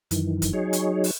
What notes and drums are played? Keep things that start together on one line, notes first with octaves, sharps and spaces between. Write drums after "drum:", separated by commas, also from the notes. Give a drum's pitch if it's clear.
F#2 D#3 E3, drum: hi-hat
drum: kick, hi-hat
F#3 D#4 G#4 C#5
drum: hi-hat
drum: open hi-hat